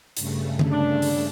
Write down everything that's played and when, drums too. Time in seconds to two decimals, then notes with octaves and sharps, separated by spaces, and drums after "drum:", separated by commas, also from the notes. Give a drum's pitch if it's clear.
0.17 G2 C#3 A3, drum: hi-hat
0.59 drum: tom D3
0.71 D4
1.02 drum: open hi-hat